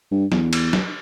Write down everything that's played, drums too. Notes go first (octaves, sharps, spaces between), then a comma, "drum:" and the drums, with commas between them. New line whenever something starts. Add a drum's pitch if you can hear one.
G2
E2, drum: snare
drum: cymbal
drum: snare